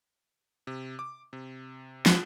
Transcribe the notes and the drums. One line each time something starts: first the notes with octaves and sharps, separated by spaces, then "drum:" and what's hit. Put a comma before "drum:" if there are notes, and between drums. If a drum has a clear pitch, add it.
C3
D6
C3
drum: snare